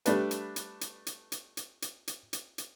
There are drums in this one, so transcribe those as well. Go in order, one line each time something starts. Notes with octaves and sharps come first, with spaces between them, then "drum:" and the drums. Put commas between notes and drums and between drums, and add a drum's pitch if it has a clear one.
G3 A3 D4 B4, drum: hi-hat
drum: hi-hat
drum: hi-hat
drum: hi-hat
drum: hi-hat
drum: hi-hat
drum: hi-hat
drum: hi-hat
drum: hi-hat
drum: hi-hat
drum: hi-hat